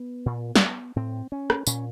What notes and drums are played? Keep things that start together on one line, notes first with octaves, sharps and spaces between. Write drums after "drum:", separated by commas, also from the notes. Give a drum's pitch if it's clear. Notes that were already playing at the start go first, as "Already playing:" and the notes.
Already playing: B3
A#2
drum: snare
A2 C4
C#4
drum: rim click
A#2 C#4, drum: tambourine